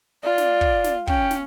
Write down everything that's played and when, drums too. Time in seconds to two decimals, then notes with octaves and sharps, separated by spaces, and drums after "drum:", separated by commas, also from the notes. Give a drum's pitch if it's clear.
0.24 F4 D5
0.38 drum: snare
0.61 drum: kick
0.84 drum: snare
1.07 C#4 G5, drum: kick
1.31 drum: snare